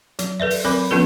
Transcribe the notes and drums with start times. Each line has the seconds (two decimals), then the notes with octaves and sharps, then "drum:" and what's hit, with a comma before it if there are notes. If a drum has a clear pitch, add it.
0.19 F#3, drum: hi-hat
0.40 A4 B4 D5 E5
0.50 drum: open hi-hat
0.64 F#3 C4 A#4 B5 D6
0.91 F3 B3 C#4 F4 A4 B4